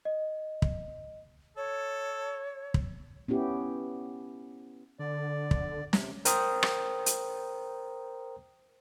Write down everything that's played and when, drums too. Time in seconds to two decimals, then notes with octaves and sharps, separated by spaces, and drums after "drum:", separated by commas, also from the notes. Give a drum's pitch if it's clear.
0.05 D#5
0.62 drum: kick
1.57 A4 C#5
2.74 drum: kick
3.28 B3 C#4 E4 G4
4.99 D3 D5
5.51 drum: kick
5.93 C3, drum: snare
6.25 A#4 C5 G5 A#5 D#6, drum: hi-hat
6.63 drum: rim click
7.06 drum: hi-hat